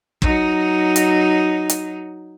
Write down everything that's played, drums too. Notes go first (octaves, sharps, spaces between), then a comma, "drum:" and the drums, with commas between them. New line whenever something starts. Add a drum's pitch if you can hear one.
F#3 D#4, drum: kick
drum: hi-hat
drum: hi-hat